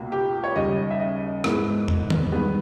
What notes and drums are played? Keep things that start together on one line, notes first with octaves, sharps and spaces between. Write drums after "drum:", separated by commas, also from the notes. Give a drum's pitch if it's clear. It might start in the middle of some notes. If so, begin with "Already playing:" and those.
Already playing: C#2 B2 A#3
G4
C#5
D#2 C#3 G3 D#5
E5
D#5
G#2 E3 G#3 B3, drum: rim click
drum: tom
drum: tom D#3
G2 D#3 G#3 B3